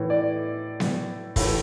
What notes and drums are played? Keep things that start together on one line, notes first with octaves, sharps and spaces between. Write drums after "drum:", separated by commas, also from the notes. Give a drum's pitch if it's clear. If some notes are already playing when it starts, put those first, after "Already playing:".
Already playing: A2 E3
D5
drum: snare B3
A2 E3, drum: kick, open hi-hat